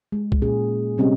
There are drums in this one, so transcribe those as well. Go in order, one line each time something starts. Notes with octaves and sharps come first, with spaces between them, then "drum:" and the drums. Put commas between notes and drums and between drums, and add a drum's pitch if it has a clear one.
G#3
drum: kick C2
A#2 C#4 G#4
C3 G3 C4 C#4 G4 D#5